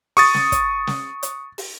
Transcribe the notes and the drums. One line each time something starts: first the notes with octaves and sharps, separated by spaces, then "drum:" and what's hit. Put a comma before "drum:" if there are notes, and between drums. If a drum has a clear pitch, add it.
C#6 D#6 A6, drum: open hi-hat
drum: snare
drum: kick, hi-hat
drum: snare
drum: hi-hat
drum: open hi-hat